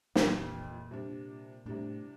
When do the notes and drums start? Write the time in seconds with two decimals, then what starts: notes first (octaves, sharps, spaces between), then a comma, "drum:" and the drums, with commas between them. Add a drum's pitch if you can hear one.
0.15 F2 A#2 E3 G3 D4 F4, drum: snare
0.91 C3 G3 D4
1.66 A2 C3 G3 D4